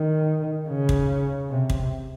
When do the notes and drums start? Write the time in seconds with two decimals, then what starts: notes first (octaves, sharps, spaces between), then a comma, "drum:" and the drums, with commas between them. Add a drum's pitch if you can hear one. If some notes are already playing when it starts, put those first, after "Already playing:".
Already playing: D#3
0.69 C#3
0.89 drum: kick
1.50 C3
1.70 drum: kick